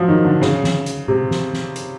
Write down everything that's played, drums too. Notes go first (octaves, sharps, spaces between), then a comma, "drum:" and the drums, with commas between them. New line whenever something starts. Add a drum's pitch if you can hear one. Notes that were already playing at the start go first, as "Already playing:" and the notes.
Already playing: F3 F#3
D#3
D3
C#3, drum: snare
drum: snare
drum: hi-hat
C3, drum: tom B2
drum: snare
drum: snare
drum: hi-hat